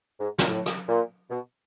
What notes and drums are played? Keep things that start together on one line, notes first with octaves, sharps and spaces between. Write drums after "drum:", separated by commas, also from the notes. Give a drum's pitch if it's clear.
G#2
A#2, drum: snare
A2
drum: rim click
A#2
B2